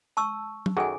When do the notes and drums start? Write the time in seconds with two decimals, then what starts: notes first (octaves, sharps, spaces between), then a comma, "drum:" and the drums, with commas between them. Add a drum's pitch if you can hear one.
0.17 A5 C#6 E6
0.66 drum: tom
0.77 F#2 D#3 F#3 G#4 A4 G#5